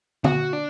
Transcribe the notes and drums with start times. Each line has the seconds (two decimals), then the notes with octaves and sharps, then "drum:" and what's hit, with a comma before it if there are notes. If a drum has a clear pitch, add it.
0.24 F#4, drum: tom
0.53 D4